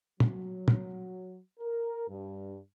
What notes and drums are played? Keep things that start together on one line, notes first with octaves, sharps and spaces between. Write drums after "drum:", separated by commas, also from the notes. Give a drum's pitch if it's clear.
F#3, drum: tom
drum: tom
A#4
G2